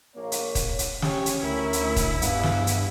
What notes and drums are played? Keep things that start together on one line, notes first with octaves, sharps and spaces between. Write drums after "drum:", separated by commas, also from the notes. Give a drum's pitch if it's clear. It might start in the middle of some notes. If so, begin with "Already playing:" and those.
A#1 A#3 C#5
drum: hi-hat
drum: kick, hi-hat
drum: hi-hat
C#4 G4 C#5, drum: snare
drum: hi-hat
D2 E4 A#4
drum: hi-hat
drum: kick, hi-hat
E2 G2 B3 F5, drum: hi-hat
drum: snare
drum: hi-hat